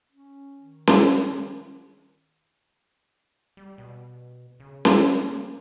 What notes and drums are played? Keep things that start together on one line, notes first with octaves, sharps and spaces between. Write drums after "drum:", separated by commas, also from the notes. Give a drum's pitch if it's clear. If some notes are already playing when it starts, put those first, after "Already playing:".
C#4
D#3
drum: snare
G3
B2
C#3
drum: snare
A#3